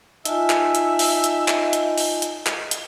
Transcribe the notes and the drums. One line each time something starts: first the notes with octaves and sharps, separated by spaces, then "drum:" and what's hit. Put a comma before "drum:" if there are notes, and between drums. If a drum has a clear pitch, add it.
D#4 F4 E5 G#5 A5, drum: hi-hat
drum: clap
drum: hi-hat
drum: open hi-hat
drum: hi-hat
drum: clap
drum: hi-hat
drum: open hi-hat
drum: hi-hat
drum: clap
drum: hi-hat